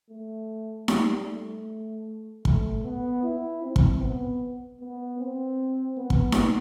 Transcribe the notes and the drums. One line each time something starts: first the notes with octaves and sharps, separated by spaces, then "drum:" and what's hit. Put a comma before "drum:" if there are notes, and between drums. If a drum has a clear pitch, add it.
A3
G3, drum: snare D#4
A3
A3, drum: kick
B3
E4
C4
drum: kick
B3
B3
C4
B3
drum: kick
drum: snare D#4